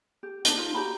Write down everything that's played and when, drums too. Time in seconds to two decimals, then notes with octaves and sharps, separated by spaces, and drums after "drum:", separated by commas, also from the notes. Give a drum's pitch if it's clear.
0.23 G4
0.45 D4 F#4 C5 D#5, drum: hi-hat
0.57 D#4 F4
0.74 F#4 G4 A#5 B5